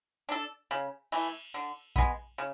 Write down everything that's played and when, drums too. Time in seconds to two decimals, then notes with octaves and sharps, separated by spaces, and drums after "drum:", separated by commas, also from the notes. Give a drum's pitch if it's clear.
0.29 D4 A4
0.71 C#3, drum: hi-hat
1.12 E3 A3, drum: cymbal
1.54 D3
1.96 G#3 B3, drum: kick A#1
2.38 C#3